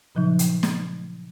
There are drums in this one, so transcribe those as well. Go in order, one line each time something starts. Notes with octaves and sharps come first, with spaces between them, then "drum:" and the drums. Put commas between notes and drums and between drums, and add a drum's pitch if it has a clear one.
A#2 C#3 F3 F#3 D#4
drum: hi-hat
drum: snare